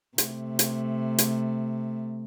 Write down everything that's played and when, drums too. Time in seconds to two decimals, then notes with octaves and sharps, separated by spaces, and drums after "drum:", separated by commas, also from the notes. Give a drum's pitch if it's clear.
0.18 C3 A3, drum: hi-hat
0.59 drum: hi-hat
1.18 drum: hi-hat